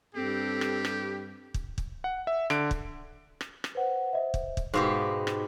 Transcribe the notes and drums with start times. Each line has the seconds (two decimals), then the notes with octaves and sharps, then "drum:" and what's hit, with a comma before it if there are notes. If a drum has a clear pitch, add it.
0.15 G2 C4 G4 A4
0.61 drum: rim click
0.85 drum: rim click
1.54 drum: kick
1.78 drum: kick
2.04 F#5
2.27 E5
2.50 D3 D7, drum: rim click
2.71 drum: kick
3.41 drum: rim click
3.64 drum: rim click
3.75 B4 C5 F#5
4.13 C5 D#5 E5
4.34 drum: kick
4.57 drum: kick
4.74 G#2 B2 G4 F5 D6
5.27 drum: rim click